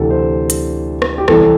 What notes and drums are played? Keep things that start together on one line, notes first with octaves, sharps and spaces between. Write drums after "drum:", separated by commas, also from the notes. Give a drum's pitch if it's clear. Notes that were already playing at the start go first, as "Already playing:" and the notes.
Already playing: D2 C3 E3 A4
C5
drum: hi-hat
drum: rim click
G4
C2 C3 E3 A4, drum: rim click